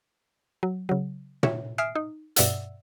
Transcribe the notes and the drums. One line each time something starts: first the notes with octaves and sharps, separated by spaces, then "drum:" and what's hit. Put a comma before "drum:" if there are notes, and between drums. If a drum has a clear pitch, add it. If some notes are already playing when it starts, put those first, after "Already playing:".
F#3
C#3 F#3
C#5 E5, drum: tom A#2
E5 G#5 D#6 F6 C7 D7
D#4
G2 B2 D5 E5 F#5 E6, drum: hi-hat